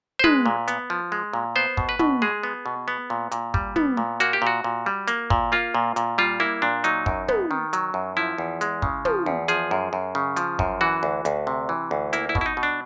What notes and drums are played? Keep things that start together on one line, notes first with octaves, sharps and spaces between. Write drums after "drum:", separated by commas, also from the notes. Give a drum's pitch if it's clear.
C5
G#3 B4, drum: tom
A#2
B3, drum: hi-hat
F3
G#3
A#2
B3 C5
B2, drum: kick
B4
B2, drum: tom
G#3 G#4
B3
B2
B3
A#2
A#2, drum: hi-hat
G3, drum: kick
B3, drum: tom
A#2
A#3 F#4, drum: hi-hat
G4
A#2 F#4
A#2
G3
A#3, drum: hi-hat
A#2, drum: kick
A#3 F4
A#2
A#2, drum: hi-hat
G3 F4
A#3 E4
A#2 D4
F#3 D#4, drum: hi-hat
F#2, drum: kick
B3, drum: tom
D#3
F#3, drum: hi-hat
F#2
F3 E4
E2
G#3, drum: hi-hat
C#3, drum: kick
F3, drum: tom
E2
F3 G#4, drum: hi-hat
F#2
F#2
C#3
F3, drum: hi-hat
F#2, drum: kick
E3 F#4
D2
D2, drum: hi-hat
C3
E3
D2
A#3 E4, drum: hi-hat
E4
B2, drum: kick
E4
D#4
B2
D4